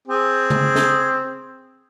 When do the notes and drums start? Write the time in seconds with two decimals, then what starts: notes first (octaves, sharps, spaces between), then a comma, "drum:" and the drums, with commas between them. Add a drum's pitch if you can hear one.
0.08 C4 G#4
0.50 drum: tom C#3
0.75 drum: snare